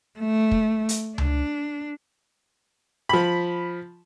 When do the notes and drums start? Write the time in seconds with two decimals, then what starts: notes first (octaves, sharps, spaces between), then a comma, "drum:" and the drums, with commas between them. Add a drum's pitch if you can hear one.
0.19 A3
0.51 drum: kick
0.89 drum: hi-hat
1.18 D4, drum: tom C#2
3.09 F3 B5